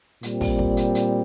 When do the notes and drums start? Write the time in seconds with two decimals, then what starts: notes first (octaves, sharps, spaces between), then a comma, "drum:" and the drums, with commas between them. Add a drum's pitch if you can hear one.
0.23 A#2 G3 C4, drum: hi-hat
0.41 drum: kick, open hi-hat
0.59 drum: kick
0.77 drum: hi-hat
0.95 drum: hi-hat